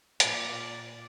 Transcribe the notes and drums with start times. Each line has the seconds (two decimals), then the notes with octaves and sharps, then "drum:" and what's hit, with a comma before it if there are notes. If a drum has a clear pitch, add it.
0.20 A#2 D5, drum: hi-hat